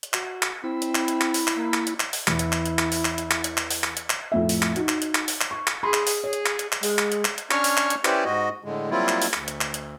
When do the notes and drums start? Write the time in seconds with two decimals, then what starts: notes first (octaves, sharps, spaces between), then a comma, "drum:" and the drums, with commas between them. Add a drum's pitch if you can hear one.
0.03 drum: hi-hat
0.13 F#4, drum: clap
0.42 drum: clap
0.64 C4 E4 B5
0.82 drum: hi-hat
0.95 drum: clap
1.08 drum: hi-hat
1.21 drum: clap
1.34 drum: open hi-hat
1.47 drum: clap
1.57 A#3
1.74 drum: clap
1.87 drum: hi-hat
2.00 drum: clap
2.13 drum: open hi-hat
2.27 E2 E4, drum: clap
2.39 drum: hi-hat
2.52 drum: clap
2.66 drum: hi-hat
2.79 drum: clap
2.92 drum: open hi-hat
3.05 drum: clap
3.18 drum: hi-hat
3.31 drum: clap
3.44 drum: hi-hat
3.57 drum: clap
3.70 drum: open hi-hat
3.84 drum: clap
3.97 drum: hi-hat
4.10 drum: clap
4.32 F2 A2 E5
4.49 drum: open hi-hat
4.62 drum: clap
4.76 D#4 F#4, drum: hi-hat
4.89 drum: clap
5.02 drum: hi-hat
5.15 drum: clap
5.28 drum: open hi-hat
5.41 drum: clap
5.51 C#6
5.67 drum: clap
5.83 G#4 B5 C6
5.94 drum: clap
6.07 drum: open hi-hat
6.24 G#4 C#5
6.33 drum: hi-hat
6.46 drum: clap
6.59 drum: hi-hat
6.72 drum: clap
6.83 G#3, drum: open hi-hat
6.99 drum: clap
7.12 drum: hi-hat
7.25 drum: clap
7.38 drum: hi-hat
7.51 C#4 D4 C#5 C#6 F6, drum: clap
7.64 drum: open hi-hat
7.77 drum: clap
7.90 drum: hi-hat
8.05 C#4 E4 G4 B4 C5 D5, drum: clap
8.25 G#2 F#4 D#5
8.64 A2 D3 G#3
8.90 F#3 G3 A#3 C4 E4 F4
9.08 drum: clap
9.22 drum: open hi-hat
9.33 D2, drum: clap
9.48 drum: hi-hat
9.61 drum: clap
9.74 drum: hi-hat